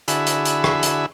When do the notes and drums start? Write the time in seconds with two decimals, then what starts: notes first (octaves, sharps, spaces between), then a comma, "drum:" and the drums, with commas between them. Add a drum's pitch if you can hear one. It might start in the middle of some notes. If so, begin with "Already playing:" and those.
0.08 D3 E4 F#4 G#4 E5 B5, drum: hi-hat
0.27 drum: hi-hat
0.45 drum: hi-hat
0.64 drum: rim click
0.83 drum: hi-hat